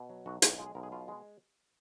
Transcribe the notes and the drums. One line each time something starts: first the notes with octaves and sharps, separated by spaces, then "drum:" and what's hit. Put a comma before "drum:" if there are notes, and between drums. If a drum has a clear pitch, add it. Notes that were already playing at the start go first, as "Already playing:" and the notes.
Already playing: B2
F#3
B1 F#4
B1, drum: hi-hat
G#3 F4
G#4
B1 A#4
G#4
B2 F4
G#3